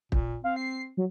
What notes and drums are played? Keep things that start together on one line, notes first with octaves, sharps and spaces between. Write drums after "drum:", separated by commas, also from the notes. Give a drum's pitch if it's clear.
A#2, drum: kick
C4 F5
C7
F#3